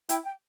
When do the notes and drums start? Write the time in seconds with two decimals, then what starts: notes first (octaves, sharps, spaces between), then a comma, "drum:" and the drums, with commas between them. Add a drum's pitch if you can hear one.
0.09 E4 G5, drum: hi-hat
0.25 G5